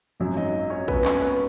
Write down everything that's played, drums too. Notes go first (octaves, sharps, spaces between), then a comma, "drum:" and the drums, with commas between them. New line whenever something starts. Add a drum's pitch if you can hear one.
G#1 F#2 F#3
D#4 D#5
C#4 C#5
B3 B4, drum: kick
C#4 C#5, drum: clap
B3 B4